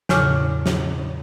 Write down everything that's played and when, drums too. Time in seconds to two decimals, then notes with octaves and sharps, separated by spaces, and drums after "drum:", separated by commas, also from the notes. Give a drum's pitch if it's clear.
0.09 E2 A2 C#3 C#5 D6 F6, drum: snare
0.66 drum: snare